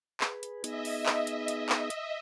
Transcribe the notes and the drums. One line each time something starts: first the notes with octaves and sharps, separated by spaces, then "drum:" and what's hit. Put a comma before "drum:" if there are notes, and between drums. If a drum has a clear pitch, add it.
G#4 B4, drum: clap
drum: hi-hat
B3 D#4 G#4 D#5 E5, drum: hi-hat
drum: open hi-hat
drum: clap
drum: hi-hat
drum: hi-hat
drum: clap
drum: hi-hat